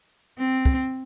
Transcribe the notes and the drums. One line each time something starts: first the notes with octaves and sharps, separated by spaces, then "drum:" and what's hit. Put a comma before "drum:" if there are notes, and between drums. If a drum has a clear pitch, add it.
C4
drum: kick